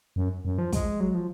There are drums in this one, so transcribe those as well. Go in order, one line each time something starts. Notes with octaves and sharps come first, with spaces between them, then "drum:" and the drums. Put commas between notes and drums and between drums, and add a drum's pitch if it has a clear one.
F#2
F#2
F3
G#3, drum: kick, hi-hat
F#3
F3